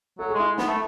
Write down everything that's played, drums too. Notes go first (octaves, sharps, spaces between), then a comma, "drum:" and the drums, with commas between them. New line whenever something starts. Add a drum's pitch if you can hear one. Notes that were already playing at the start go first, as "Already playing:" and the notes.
F#3 A4
G#4
G#3 E4
B3, drum: snare
A3